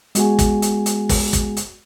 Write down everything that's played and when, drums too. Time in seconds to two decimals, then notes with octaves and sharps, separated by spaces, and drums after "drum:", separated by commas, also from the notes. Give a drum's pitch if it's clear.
0.15 G#3 B3 F#4 G#4 G#5, drum: hi-hat
0.39 drum: kick, hi-hat
0.62 drum: hi-hat
0.86 drum: hi-hat
1.09 drum: kick, open hi-hat
1.33 drum: kick, hi-hat
1.57 drum: hi-hat